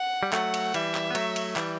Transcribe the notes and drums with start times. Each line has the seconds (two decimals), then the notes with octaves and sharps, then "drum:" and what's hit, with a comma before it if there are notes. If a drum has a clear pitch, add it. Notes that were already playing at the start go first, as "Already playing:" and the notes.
Already playing: F#5
0.23 G3
0.33 F#3 A3 F#5, drum: clap
0.54 drum: cymbal
0.74 E3 G3 E5, drum: cymbal
0.95 drum: clap
1.10 B3
1.15 F#3 A3, drum: cymbal
1.36 drum: cymbal
1.56 E3 G3, drum: clap